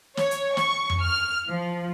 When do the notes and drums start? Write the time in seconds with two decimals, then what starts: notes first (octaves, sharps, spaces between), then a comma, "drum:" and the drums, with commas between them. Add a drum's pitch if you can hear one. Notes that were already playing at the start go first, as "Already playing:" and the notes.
0.17 C#5, drum: snare
0.31 drum: hi-hat
0.57 C#6, drum: snare
0.90 drum: tom F2
1.01 F6
1.49 F3